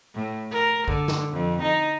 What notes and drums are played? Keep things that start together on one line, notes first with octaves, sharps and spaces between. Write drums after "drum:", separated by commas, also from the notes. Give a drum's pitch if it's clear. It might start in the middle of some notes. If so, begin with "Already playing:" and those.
A2
A#4
D3, drum: kick
drum: snare
F2
D#4